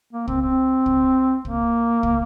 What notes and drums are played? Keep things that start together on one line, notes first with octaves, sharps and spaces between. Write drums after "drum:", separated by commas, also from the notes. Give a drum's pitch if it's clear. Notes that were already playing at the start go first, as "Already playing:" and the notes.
A#3
C4, drum: kick
C4
drum: kick
A#3, drum: kick
drum: kick